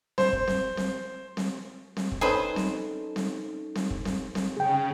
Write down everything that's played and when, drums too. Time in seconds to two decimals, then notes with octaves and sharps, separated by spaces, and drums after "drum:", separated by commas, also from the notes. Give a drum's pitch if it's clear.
0.18 C5, drum: snare C4
0.33 drum: kick
0.48 drum: snare C4
0.77 drum: snare C4
1.37 drum: snare C4
1.97 drum: snare C4
2.12 drum: kick
2.21 C#4 D#4 G#4 A4 B4 C5
2.56 drum: snare C4
3.16 drum: snare C4
3.76 drum: snare C4
3.91 drum: kick
4.05 drum: snare C4
4.35 drum: snare C4
4.57 C#3 G#4 G5